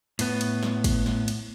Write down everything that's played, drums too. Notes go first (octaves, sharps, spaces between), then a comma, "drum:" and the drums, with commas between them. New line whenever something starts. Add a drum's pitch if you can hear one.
A2 B3, drum: cymbal
drum: cymbal
drum: snare
drum: kick, cymbal
drum: snare
drum: cymbal